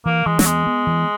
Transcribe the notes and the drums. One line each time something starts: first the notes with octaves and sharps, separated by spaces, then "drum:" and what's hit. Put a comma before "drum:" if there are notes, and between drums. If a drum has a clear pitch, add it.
E3 A#3
E3 G#3
F#3, drum: snare
G#3 B3
B3
E3